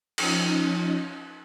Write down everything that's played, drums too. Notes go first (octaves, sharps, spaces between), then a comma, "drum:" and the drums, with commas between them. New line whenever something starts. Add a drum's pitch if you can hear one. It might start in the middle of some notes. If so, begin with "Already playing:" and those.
F3 C#4 D#4, drum: cymbal